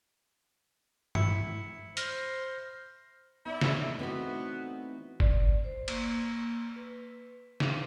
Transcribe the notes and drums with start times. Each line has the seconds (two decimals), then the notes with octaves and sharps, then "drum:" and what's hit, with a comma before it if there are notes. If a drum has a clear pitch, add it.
1.15 E4 C#7, drum: tom
1.97 C5 F6 A#6, drum: hi-hat
3.46 B3 D#4 E4 D5
3.61 drum: snare
3.99 E3 A3 B3 C4 D#4 F#4 B4
5.20 D5, drum: kick G1
5.64 C5
5.88 A#3, drum: cymbal
6.76 B4
7.60 drum: snare